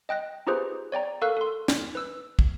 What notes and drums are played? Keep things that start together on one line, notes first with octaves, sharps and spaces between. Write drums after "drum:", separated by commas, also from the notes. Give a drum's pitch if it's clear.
D#5 G5 F#6 A#6
D#4 F4 G4 G#4 B4 C5
C#5 D5 G5 A#5
A4 A#4 F5 C#6 E6 F#6
A4 C6
drum: snare
B4 E6
drum: kick